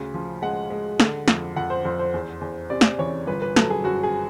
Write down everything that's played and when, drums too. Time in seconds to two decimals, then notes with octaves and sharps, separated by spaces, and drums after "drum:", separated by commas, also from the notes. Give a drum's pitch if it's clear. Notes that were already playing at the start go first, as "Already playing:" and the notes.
Already playing: D2 C#3
0.14 F3
0.42 G#3 F#5
0.70 G#3
1.00 D3, drum: snare
1.28 F2, drum: snare
1.56 F2 F#5
1.70 C5
1.85 F2 C5
1.99 C5
2.14 E2
2.41 E2
2.70 C3 D5
2.81 drum: snare
2.99 E3 C#5
3.27 G1 B4
3.42 B4
3.56 F#3 A4, drum: snare
3.70 G#4
3.84 F#2 F#4
4.03 G#4